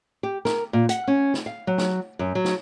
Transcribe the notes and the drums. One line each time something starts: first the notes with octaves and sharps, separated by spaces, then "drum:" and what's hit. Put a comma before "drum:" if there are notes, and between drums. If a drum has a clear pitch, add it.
G4
A#4, drum: snare
A#2
F#5, drum: hi-hat
C#4
drum: snare
F5
F#3
drum: snare
F#2
F#3
drum: snare